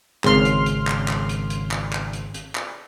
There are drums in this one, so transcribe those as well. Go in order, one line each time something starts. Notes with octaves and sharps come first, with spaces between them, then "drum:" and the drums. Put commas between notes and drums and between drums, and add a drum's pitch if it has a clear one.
G#1 C#3 C6 F6, drum: clap
drum: hi-hat
drum: hi-hat
drum: clap
drum: clap
drum: hi-hat
drum: hi-hat
drum: clap
drum: clap
drum: hi-hat
drum: hi-hat
drum: clap